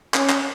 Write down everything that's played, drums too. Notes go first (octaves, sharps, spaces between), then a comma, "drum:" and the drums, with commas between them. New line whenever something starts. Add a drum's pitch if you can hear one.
C#4, drum: clap
drum: clap